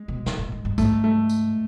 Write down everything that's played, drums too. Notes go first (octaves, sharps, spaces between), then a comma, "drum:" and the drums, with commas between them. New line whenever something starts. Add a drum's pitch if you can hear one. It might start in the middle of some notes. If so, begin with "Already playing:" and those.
Already playing: G#3
B2
A#2, drum: snare
A#2
G#2
G2
G#2 A3, drum: kick, tambourine
A3
drum: tambourine